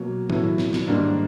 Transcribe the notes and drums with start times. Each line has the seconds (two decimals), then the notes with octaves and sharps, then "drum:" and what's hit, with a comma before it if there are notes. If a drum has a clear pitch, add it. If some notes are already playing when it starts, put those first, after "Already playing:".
Already playing: B2 F#3 A#3
0.30 A2 F#3 B3 E4, drum: tom
0.58 drum: snare
0.73 drum: snare
0.87 G#2 D#3 G3 A#3 D4